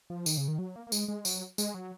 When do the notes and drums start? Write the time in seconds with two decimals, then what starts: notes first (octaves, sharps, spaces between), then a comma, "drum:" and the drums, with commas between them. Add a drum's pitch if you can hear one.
0.10 F3
0.26 D#3, drum: tambourine
0.37 C#3
0.48 D#3
0.59 F#3
0.76 A#3
0.87 A#3
0.92 G#3, drum: tambourine
1.08 G#3
1.25 F#3, drum: tambourine
1.58 G#3, drum: tambourine
1.74 F#3